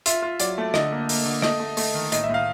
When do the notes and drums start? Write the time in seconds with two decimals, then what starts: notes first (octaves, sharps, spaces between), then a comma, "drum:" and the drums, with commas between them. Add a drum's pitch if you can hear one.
0.06 F4 E5, drum: hi-hat
0.22 F4
0.40 F#3 D5, drum: hi-hat
0.58 A3
0.74 D3 D#5, drum: rim click
0.92 A#3
1.09 A#3, drum: open hi-hat
1.25 D3
1.42 A3 D#5, drum: rim click
1.60 A3
1.77 A3, drum: open hi-hat
1.94 D#3
2.12 A2 D#5, drum: hi-hat
2.23 E5
2.29 A2 F5